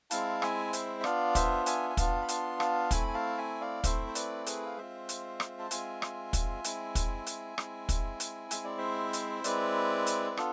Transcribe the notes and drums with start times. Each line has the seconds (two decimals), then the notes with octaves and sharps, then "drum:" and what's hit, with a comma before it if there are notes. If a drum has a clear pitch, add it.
0.11 G#3 C4 E4 F5 A5, drum: hi-hat
0.42 E5 G#5, drum: rim click
0.73 C5 E5, drum: hi-hat
1.00 E5
1.04 B3 D4 F4 D5 F5, drum: rim click
1.35 C5 E5, drum: kick, hi-hat
1.66 E5 G#5, drum: hi-hat
1.90 G#5
1.97 B3 D4 F4 F5 A5, drum: kick, hi-hat
2.21 B5
2.28 A5 C6, drum: hi-hat
2.60 F5 A5, drum: rim click
2.91 A3 C4 E4 G#5 B5, drum: kick, hi-hat
3.07 G#5
3.14 F5 A5
3.38 E5 G#5
3.61 D5 F5
3.84 A3 C4 E4 C5 E5, drum: kick, hi-hat
4.07 C5
4.15 B4 D5, drum: hi-hat
4.46 G#4 B4, drum: hi-hat
4.66 F5
4.77 G#3 C4 F4 C5 E5
5.09 drum: hi-hat
5.40 drum: rim click
5.59 A5
5.71 G#3 C4 F4 E5 G#5, drum: hi-hat
6.02 drum: rim click
6.33 drum: kick, hi-hat
6.64 G#3 C4 E4, drum: hi-hat
6.95 drum: kick, hi-hat
7.26 drum: hi-hat
7.58 G#3 C4 E4, drum: rim click
7.89 drum: kick, hi-hat
8.20 drum: hi-hat
8.51 G#3 C4 E4 E5, drum: hi-hat
8.64 D5
8.78 C5 E5
9.13 drum: hi-hat
9.44 G#3 C4 E4 B4 D5, drum: hi-hat
10.06 drum: hi-hat
10.31 B4
10.37 B3 D4 F4 A4, drum: rim click